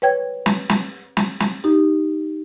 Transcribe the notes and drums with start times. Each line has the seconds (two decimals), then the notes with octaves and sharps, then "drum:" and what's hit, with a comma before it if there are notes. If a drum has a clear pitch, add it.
0.02 B4 C#5 G5 G#6
0.46 drum: snare
0.69 drum: snare
1.17 drum: snare
1.40 drum: snare
1.64 D#4 G4